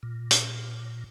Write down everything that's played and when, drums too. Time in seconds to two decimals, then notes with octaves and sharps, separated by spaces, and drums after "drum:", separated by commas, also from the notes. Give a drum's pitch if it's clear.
0.03 A#2
0.31 drum: hi-hat